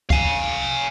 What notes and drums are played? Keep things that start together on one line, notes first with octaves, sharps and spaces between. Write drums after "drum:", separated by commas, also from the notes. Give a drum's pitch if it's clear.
F5 G#5, drum: kick